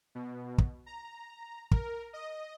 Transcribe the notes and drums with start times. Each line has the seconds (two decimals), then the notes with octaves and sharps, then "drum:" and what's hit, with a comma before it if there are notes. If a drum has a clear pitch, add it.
0.15 B2
0.58 drum: kick
0.86 A#5
1.71 A#4, drum: kick
2.13 D#5